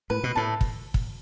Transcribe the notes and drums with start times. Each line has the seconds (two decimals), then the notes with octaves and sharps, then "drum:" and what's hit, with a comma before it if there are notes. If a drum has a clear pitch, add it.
0.10 A2 B4
0.24 B2
0.35 A2 A5
0.61 drum: kick
0.94 drum: kick